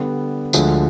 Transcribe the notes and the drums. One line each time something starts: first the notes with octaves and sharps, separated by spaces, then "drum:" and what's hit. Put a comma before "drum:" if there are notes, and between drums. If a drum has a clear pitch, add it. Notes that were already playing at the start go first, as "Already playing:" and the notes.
Already playing: D3 G3 B3
D2 D3 F3 G#3, drum: tambourine